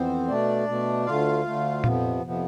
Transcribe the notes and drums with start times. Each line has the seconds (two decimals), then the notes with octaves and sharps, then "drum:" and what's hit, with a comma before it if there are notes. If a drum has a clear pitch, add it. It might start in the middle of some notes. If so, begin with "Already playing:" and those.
Already playing: F2 E3 B3 C4 C5
0.28 B2 A3 D4 D5
0.67 B2 A3
1.06 D2 D3 A3 F4 F5
1.45 D2 D3 A3
1.84 F2 C3 F3 B3, drum: tom A#2
2.23 F2 C3 F3 B3